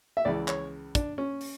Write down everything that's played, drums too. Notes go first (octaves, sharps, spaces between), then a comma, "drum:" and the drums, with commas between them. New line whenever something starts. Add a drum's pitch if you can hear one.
E5
C#2 C#3 E3 D5
C#5, drum: clap
D4, drum: kick, hi-hat
C#4
drum: open hi-hat